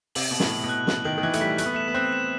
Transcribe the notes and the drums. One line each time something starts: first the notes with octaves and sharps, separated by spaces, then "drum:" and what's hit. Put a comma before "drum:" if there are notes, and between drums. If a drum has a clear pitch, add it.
C3 F#7, drum: open hi-hat
B2 F#7
A2, drum: snare
F#7
B2
F#6
F#7, drum: snare
D#3 F#7
D#3
E3 F#6
A3, drum: hi-hat
G3 B6
A3 F#6, drum: hi-hat
B3
A3 E7
B3
C4 F#6
E7